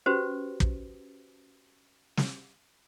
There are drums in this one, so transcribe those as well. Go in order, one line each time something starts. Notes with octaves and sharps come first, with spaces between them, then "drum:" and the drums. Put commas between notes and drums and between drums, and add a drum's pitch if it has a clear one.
C#4 F#4 G4 B4 C5
drum: kick
drum: snare